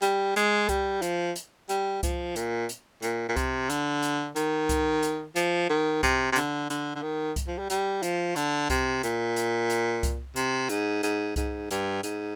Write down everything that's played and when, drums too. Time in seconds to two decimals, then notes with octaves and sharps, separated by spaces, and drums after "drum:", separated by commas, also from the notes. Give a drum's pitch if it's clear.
0.02 G3, drum: hi-hat
0.36 G#3, drum: hi-hat
0.69 G3, drum: kick C2, hi-hat
1.02 F3, drum: hi-hat
1.36 drum: hi-hat
1.69 G3, drum: hi-hat
2.03 F3, drum: kick C2, hi-hat
2.36 A#2, drum: hi-hat
2.69 drum: hi-hat
3.02 A#2, drum: hi-hat
3.29 A#2
3.36 C3, drum: kick C2, hi-hat
3.70 D3, drum: hi-hat
4.03 drum: hi-hat
4.36 D#3, drum: hi-hat
4.69 drum: kick C2, hi-hat
5.03 drum: hi-hat
5.36 F3, drum: hi-hat
5.70 D#3
6.03 C3, drum: kick C2, hi-hat
6.32 C3
6.36 D3, drum: hi-hat
6.70 D3, drum: hi-hat
6.96 D3
7.02 D#3
7.36 drum: kick C2, hi-hat
7.48 F3
7.59 G3
7.70 G3, drum: hi-hat
8.03 F3, drum: hi-hat
8.36 D3, drum: hi-hat
8.70 C3, drum: kick C2, hi-hat
9.03 A#2, drum: hi-hat
9.36 drum: hi-hat
9.70 drum: hi-hat
10.03 drum: kick C2, hi-hat
10.36 C3, drum: hi-hat
10.69 G#2, drum: hi-hat
11.03 G#2, drum: hi-hat
11.36 G#2, drum: kick C2, hi-hat
11.71 G2, drum: hi-hat
12.03 G#2, drum: hi-hat